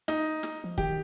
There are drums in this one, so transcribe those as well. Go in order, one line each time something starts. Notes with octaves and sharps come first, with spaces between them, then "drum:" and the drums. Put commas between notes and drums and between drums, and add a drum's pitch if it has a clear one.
D#4, drum: snare
drum: snare
F3
D#3 G4, drum: kick